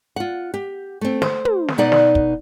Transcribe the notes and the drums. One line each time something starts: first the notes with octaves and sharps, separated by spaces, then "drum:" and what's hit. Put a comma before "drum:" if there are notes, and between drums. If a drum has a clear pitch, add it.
F4 F#5
G4
A3 C4
C5, drum: snare
drum: tom
drum: snare
B2 D#4 D5 F#5
drum: snare
drum: kick